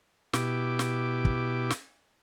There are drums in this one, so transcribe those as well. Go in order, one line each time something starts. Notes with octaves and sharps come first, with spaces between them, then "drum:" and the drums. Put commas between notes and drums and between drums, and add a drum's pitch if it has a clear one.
B2 E4 G4 D6, drum: snare
drum: snare
drum: kick
drum: snare